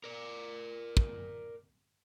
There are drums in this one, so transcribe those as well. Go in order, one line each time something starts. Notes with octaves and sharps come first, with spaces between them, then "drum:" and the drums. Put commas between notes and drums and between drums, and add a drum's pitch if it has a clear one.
A#4 D5
drum: kick